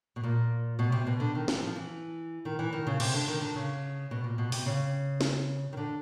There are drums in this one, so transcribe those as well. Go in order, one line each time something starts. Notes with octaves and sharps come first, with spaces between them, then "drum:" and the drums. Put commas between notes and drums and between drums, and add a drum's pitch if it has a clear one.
B2
A#2
B2
C3
B2
D3
D#3
E3, drum: snare
F3
E3
D#3
E3
D#3
C#3
C3, drum: cymbal
D3
D#3
D3
C#3
B2
A#2
B2
C3, drum: open hi-hat
C#3
drum: snare
D#3
D3